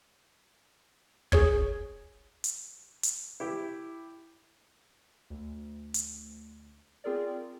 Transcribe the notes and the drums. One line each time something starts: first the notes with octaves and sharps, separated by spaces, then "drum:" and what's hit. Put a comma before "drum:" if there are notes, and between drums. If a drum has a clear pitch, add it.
G#4 C#5 G#6, drum: kick
drum: hi-hat
drum: hi-hat
E4 G4
D2
drum: hi-hat
C4 F4 G#4 A#4 D5